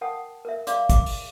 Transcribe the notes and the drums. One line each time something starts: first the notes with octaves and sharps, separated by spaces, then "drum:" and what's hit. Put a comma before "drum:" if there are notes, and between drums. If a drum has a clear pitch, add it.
A#4 F#5 G5 A5 D#6
A#4 E5
D5 F5 C6 D6, drum: hi-hat
D6, drum: kick, hi-hat
drum: open hi-hat